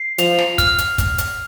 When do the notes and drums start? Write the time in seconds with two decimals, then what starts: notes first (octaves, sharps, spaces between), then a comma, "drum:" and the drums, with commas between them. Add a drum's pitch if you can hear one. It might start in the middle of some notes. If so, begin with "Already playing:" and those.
Already playing: C7
0.18 F3 F7, drum: hi-hat
0.38 drum: snare
0.58 F6, drum: kick, hi-hat
0.78 drum: hi-hat
0.98 drum: kick, hi-hat
1.18 drum: hi-hat